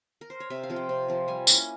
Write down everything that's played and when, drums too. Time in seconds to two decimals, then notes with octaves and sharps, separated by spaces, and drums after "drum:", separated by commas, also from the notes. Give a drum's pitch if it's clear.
0.21 A#4
0.30 C5
0.40 C#5
0.50 C3 E5
0.63 F5
0.70 F3 C4
0.76 G5
0.89 C3
1.08 F3 C4
1.28 G3 G#5
1.47 A#3 C#4 E4, drum: tambourine